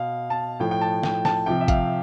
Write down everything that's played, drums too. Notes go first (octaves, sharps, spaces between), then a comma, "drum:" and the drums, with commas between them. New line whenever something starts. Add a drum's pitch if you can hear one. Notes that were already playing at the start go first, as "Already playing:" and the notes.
Already playing: B2 F5
A5
A2 F3 G5
G5
A5
G5, drum: snare
A5, drum: snare
C3 F3 G5
E5
F5, drum: kick G#1, hi-hat